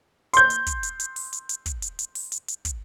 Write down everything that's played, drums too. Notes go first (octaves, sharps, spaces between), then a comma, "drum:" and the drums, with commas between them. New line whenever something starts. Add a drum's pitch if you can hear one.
C6 G6, drum: hi-hat
drum: hi-hat
drum: kick, hi-hat
drum: hi-hat
drum: hi-hat
drum: open hi-hat
drum: hi-hat
drum: hi-hat
drum: kick, hi-hat
drum: hi-hat
drum: hi-hat
drum: open hi-hat
drum: hi-hat
drum: hi-hat
drum: kick, hi-hat